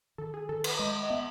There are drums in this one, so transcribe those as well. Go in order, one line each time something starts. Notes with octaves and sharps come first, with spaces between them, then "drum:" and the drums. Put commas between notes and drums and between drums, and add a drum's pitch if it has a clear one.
D#3 A4
G#4
D#3 A4
B4, drum: cymbal
G#3 D#5
D#5
B3 E5